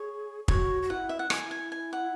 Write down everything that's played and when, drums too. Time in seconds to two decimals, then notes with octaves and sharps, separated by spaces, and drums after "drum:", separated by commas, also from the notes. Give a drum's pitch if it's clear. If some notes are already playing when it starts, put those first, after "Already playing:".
Already playing: G#4 C#5
0.48 F#4 C#5, drum: kick
0.82 F#4
0.90 E4 F#5
1.09 E5
1.19 F#5
1.30 E4 G#5, drum: rim click
1.51 G#5
1.72 G#5
1.93 F#5